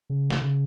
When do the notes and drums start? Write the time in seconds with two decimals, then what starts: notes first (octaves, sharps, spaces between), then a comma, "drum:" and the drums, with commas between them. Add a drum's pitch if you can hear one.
0.10 C#3
0.30 drum: snare
0.42 C#3